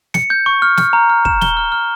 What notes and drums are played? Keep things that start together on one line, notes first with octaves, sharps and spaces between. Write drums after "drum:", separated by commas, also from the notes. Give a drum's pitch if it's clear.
C#7, drum: snare
G6
C#6
F6
F6, drum: snare
A#5
F6
E7, drum: kick
G7, drum: snare
F6
F6